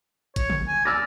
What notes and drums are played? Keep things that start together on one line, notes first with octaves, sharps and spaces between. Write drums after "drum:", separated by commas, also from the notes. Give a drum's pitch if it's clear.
C#5, drum: kick G#1, hi-hat
drum: tom
G#5
D5 E6 F6 A#6